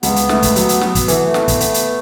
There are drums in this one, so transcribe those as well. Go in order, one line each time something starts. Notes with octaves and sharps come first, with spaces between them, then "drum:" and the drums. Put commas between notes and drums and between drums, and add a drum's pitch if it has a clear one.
C#2 B3, drum: hi-hat
drum: hi-hat
A3, drum: snare
drum: kick, hi-hat
F#3, drum: hi-hat
drum: hi-hat
F#3, drum: snare
drum: kick, hi-hat
E3 A3, drum: hi-hat
B3
A3
B3, drum: snare
drum: kick, hi-hat
B3, drum: hi-hat
drum: hi-hat